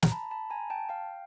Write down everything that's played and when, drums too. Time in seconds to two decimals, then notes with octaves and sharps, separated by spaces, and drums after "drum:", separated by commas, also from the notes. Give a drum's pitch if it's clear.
0.03 A#5, drum: snare
0.12 A5 B5
0.31 A5 B5
0.50 G#5 A#5
0.70 G5 A5
0.89 F5 G5